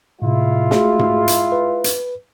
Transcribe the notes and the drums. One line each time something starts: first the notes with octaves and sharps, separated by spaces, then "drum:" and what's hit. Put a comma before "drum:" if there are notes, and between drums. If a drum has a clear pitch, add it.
A2 C3 G#3 E4 F4
A3 F#4 G#4, drum: snare
drum: tom G#2
drum: hi-hat
B4
drum: hi-hat